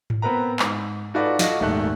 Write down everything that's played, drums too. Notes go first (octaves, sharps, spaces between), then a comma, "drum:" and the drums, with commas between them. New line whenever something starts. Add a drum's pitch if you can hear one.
drum: tom G#2
B3 C4 A#4 B4 A#5
G#2, drum: clap
D#4 F4 F#4 A4 B4 D5
F4 F#4 A4 D#5 F5, drum: snare
D#1 G#1 D#3 A3 A5 F#6